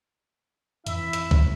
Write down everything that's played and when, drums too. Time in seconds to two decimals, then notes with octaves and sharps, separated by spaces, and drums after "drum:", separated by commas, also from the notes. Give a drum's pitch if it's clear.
0.87 F2 E3 E4 E5, drum: hi-hat
1.13 drum: hi-hat
1.31 drum: kick